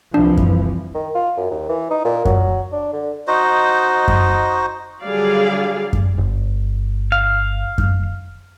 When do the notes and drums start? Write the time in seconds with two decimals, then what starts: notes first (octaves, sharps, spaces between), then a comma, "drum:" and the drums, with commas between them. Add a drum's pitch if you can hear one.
0.14 C2 E3 F3 D4
0.37 drum: kick F#2
0.95 D#3
1.15 F4
1.37 F#2
1.51 D#2
1.69 E3
1.91 D#4
2.05 A#2
2.25 F#3, drum: kick F#2
2.72 D4
2.93 D3
3.27 D#4 F#4 C5 D#5
4.08 drum: kick F#2
5.04 D3 F#3 G3 G#4 D5 F5
5.93 drum: kick F#2
6.18 G1
7.12 F5
7.78 drum: kick F#2